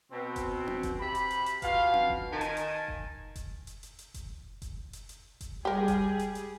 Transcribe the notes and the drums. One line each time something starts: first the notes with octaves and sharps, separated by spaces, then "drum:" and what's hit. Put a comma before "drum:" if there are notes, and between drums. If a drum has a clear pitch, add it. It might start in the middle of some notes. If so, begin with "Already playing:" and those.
B2 C4
drum: kick F1, hi-hat
drum: tom C4
drum: kick F1, hi-hat
C3 G4 E5 B5
drum: hi-hat
drum: hi-hat
drum: hi-hat
B2 B3 F4 F5, drum: kick F1, hi-hat
drum: tom C4
drum: kick F1
D#3 G#5 A5
drum: hi-hat
drum: hi-hat
drum: kick F1
drum: kick F1, hi-hat
drum: hi-hat
drum: hi-hat
drum: hi-hat
drum: kick F1, hi-hat
drum: kick F1, hi-hat
drum: hi-hat
drum: hi-hat
drum: kick F1, hi-hat
G3 G4 G#4 A#4
drum: kick F1, hi-hat
drum: hi-hat
drum: hi-hat